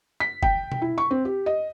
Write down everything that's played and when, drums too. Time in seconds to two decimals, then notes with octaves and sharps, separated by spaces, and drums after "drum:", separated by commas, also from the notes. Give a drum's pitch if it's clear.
0.20 B6
0.43 G5, drum: kick
0.72 drum: tom B2
0.82 E4
0.98 C#6
1.11 C4
1.25 G4
1.46 D#5